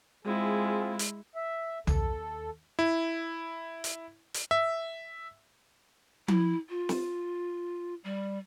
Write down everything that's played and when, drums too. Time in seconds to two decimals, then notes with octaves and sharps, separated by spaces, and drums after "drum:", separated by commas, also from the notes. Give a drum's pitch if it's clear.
0.25 G#3 C4 E4 F4 G#4
0.99 drum: hi-hat
1.36 E5
1.87 D#2 A4, drum: tom B1
2.79 E4
3.84 drum: hi-hat
4.34 drum: hi-hat
4.51 E5
6.28 E4, drum: tom F3
6.69 F4
6.89 drum: snare
8.04 G3